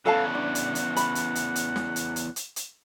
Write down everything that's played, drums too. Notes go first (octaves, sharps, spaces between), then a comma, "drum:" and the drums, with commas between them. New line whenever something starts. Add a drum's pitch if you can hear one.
E2 C#3 A4 F5 F#5 A5
D4
drum: hi-hat
drum: hi-hat
B5, drum: hi-hat
drum: hi-hat
drum: hi-hat
drum: hi-hat
drum: snare
drum: hi-hat
drum: hi-hat
drum: hi-hat
drum: hi-hat